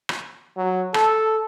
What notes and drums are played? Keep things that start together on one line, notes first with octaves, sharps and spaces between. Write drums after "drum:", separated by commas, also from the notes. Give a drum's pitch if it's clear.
drum: rim click
F#3
A4, drum: rim click